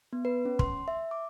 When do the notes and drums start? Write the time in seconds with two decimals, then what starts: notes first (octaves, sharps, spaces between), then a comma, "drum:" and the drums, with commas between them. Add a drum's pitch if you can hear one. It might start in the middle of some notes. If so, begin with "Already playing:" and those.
0.13 B3
0.25 B4
0.45 C#4
0.59 C6, drum: kick
0.88 E5
1.11 D6